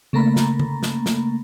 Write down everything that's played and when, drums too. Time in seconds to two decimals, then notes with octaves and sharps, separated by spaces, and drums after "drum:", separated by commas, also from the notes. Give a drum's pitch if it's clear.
0.13 C#3 A3 A#3 A#5 B5
0.36 drum: snare
0.59 drum: tom
0.83 drum: snare
1.06 drum: snare